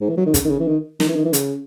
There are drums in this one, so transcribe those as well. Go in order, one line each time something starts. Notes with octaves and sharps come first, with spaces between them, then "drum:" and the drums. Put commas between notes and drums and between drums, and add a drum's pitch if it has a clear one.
G#2
E3
F#3
D#3
C#3, drum: kick, hi-hat
D#3
C#3
E3
D#3
D#3, drum: snare
E3
D#3
E3
C#3, drum: hi-hat